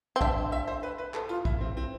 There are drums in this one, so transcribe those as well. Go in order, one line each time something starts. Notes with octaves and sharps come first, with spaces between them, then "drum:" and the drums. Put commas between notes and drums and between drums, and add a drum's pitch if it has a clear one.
C4
D4 E5, drum: kick
E5
C5
B4
B4
A4, drum: clap
F4
E4, drum: kick
C4
C4